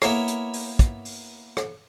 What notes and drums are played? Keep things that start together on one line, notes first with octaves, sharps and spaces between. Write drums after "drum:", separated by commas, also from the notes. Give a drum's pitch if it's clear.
A#3 B3 E4 A#4 C#5, drum: rim click
drum: hi-hat
drum: open hi-hat
drum: kick, hi-hat
drum: open hi-hat
drum: rim click